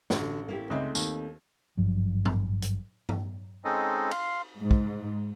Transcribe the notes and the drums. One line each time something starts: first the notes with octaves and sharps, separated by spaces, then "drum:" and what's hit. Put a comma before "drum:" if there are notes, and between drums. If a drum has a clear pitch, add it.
A1 D3 F#4, drum: snare
A#3 E4 G4
C#2 G#3 A3 C4 D#4 E5
D#2, drum: tambourine
G#1 G2 F3 F#3
drum: tom G#2
drum: hi-hat
drum: tom G2
G#3 C4 C#4 D#4 A4 D#5
F5 C6, drum: cymbal
G#2
drum: kick